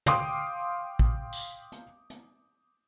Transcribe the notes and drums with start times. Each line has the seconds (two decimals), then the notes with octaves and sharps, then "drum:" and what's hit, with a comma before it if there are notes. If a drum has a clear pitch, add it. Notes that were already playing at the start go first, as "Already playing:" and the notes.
0.06 F5 G5 C6 D6 D#6, drum: tom
0.99 drum: kick A1
1.33 drum: tambourine
1.72 drum: hi-hat
2.10 drum: hi-hat